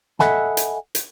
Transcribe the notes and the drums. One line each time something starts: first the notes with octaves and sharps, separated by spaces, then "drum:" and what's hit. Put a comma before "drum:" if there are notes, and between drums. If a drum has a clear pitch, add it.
A4 D#5 E5 F#5 G#5 B5, drum: snare
drum: hi-hat
drum: hi-hat